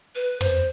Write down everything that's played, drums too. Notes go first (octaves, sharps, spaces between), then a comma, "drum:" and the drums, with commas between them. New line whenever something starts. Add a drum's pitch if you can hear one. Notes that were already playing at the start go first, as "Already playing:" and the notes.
B4
C5, drum: tom